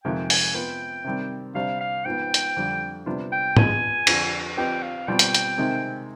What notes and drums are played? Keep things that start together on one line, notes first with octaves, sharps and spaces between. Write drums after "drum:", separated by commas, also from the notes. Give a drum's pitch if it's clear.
F2 C3 D#3 G#3 G5
G#5, drum: open hi-hat
B3 F4 B4 G5
C3 D#3 G3 C4
C3 G3 D4 G4 C5 F5
F5
G#2 F3 B3 G5
drum: hi-hat
F2 D3 G3
C3 G3 B3 D4 F4
G5
B3 F4 G#4 B4 D#5 G#5, drum: tom G#2
F2 D3 F3, drum: cymbal
F3 C4 G4 B4 D#5 G5
F5
B2 G3 C4 F4 G5
drum: hi-hat
drum: hi-hat
C3 D#3 G#3 C4 D#4